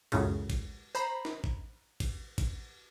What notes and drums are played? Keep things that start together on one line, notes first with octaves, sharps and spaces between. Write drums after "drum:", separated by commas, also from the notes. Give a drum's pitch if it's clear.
C#2 F#2 A2 C#3, drum: cymbal
drum: kick G#1, cymbal
C5 A#5 B5
drum: snare
drum: kick G#1
drum: kick G#1, cymbal
drum: kick G#1, cymbal